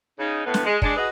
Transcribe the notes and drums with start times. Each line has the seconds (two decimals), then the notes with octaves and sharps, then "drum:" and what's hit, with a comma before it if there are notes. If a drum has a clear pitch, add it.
0.19 C#3 D#4
0.45 A2 B3
0.54 drum: snare
0.65 G#3
0.82 G#3 D4, drum: kick
0.96 F#4 G#4 B4 D#5